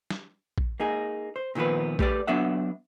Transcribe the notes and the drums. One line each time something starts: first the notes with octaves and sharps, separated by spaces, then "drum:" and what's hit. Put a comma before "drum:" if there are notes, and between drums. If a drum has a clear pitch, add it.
drum: snare
drum: kick
A#3 D#4 G#4
C5
A#2 D#3 F3 B3 B4
A3 G4 B4 D5, drum: kick
F#3 B3 D4 E5 F#5